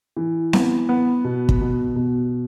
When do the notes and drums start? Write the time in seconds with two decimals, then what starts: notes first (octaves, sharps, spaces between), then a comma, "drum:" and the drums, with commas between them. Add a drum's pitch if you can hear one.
0.17 E3
0.53 B3, drum: snare C4
0.89 B3
1.25 B2
1.49 drum: kick
1.61 B2
1.96 B2